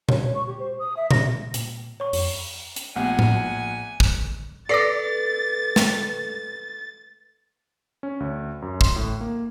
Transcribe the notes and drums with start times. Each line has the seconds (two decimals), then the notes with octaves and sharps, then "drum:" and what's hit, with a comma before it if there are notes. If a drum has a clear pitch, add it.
0.09 C#5, drum: tom A#2
0.35 C#6
0.47 G4
0.59 C5
0.79 D#6
0.97 E5
1.11 A#6, drum: tom A#2
1.54 A#2, drum: hi-hat
2.00 C#5 C#6
2.13 F2, drum: open hi-hat
2.76 drum: hi-hat
2.96 A#1 A3 B3 G4 F#5 G#5
3.19 drum: tom A2
4.00 drum: kick
4.69 A4 B4 D5 D6 A6 A#6 C7
5.76 drum: snare
8.03 C#4
8.20 D2
8.62 F#2
8.81 C6, drum: kick
8.96 A2
9.21 A#3